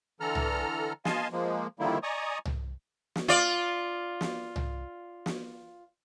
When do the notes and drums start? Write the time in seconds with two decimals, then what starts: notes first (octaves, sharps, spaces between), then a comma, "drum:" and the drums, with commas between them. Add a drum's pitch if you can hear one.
0.20 D3 E3 A4 A#5 F6
0.35 drum: tom C2
1.05 D#5 F5 G#5 A5 C6, drum: snare
1.32 F3 G#3 A#3
1.80 D3 D#3 F3 G3 A#3 E4
2.03 D5 D#5 G#5 A#5 C#6 D#6
2.45 drum: tom C2
3.16 drum: snare
3.28 F4 D5
4.21 drum: snare
4.56 drum: tom C2
5.26 drum: snare